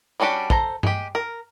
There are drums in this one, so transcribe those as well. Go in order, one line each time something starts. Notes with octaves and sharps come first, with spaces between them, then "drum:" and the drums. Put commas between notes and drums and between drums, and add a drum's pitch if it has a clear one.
G3 C#4 D4 F#4 G4
A4 C5 A#5, drum: kick
G#3 G4, drum: tom G2
A#4